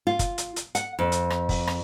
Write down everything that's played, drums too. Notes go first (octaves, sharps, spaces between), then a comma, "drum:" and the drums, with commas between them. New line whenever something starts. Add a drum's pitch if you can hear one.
F4
drum: kick, hi-hat
drum: hi-hat
drum: hi-hat
F#5, drum: hi-hat
F2
drum: hi-hat
drum: rim click
drum: kick, open hi-hat
drum: rim click